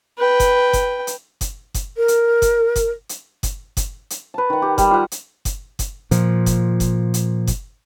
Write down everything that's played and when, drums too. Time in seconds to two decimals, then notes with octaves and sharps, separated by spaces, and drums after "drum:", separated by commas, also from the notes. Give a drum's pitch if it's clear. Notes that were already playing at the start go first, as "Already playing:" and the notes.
0.18 B4 G5
0.40 drum: kick F#1, hi-hat
0.73 drum: kick F#1, hi-hat
1.07 drum: hi-hat
1.41 drum: kick F#1, hi-hat
1.74 drum: kick F#1, hi-hat
1.97 A#4
2.08 drum: hi-hat
2.42 drum: kick F#1, hi-hat
2.76 drum: kick F#1, hi-hat
3.09 drum: hi-hat
3.43 drum: kick F#1, hi-hat
3.77 drum: kick F#1, hi-hat
4.10 drum: hi-hat
4.34 B4 A5
4.50 D#3 F#5
4.62 G4
4.78 G3, drum: kick F#1, hi-hat
4.91 F4 F#5
5.12 drum: hi-hat
5.45 drum: kick F#1, hi-hat
5.79 drum: kick F#1, hi-hat
6.11 A#2 F3, drum: hi-hat
6.46 drum: kick F#1, hi-hat
6.80 drum: kick F#1, hi-hat
7.14 drum: hi-hat
7.47 drum: kick F#1, hi-hat